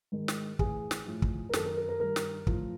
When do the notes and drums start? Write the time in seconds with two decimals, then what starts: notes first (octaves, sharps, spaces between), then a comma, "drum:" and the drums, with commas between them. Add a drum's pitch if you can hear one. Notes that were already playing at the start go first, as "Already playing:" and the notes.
0.12 G#2 D#3
0.28 drum: snare
0.59 A2 E3 G#4, drum: kick
0.91 drum: snare
1.06 A2 F3
1.22 drum: kick
1.49 A#4
1.53 F#2 D#3 A4, drum: snare
1.65 A#4
1.77 A#4
1.89 A#4
2.00 G2 D#3 A#4
2.16 drum: snare
2.47 A2 F3, drum: kick